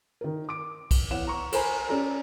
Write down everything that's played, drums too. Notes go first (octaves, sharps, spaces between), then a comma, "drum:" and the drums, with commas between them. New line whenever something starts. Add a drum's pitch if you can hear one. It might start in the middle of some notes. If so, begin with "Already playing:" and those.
D#3 A#4
D6 D7
drum: kick B1, cymbal
E2 C#5 F#5 E7
A#5 C#6
A4 A#4 C5 G#5 A#5 B5, drum: cymbal
C#4 G4 A4 D5 A#5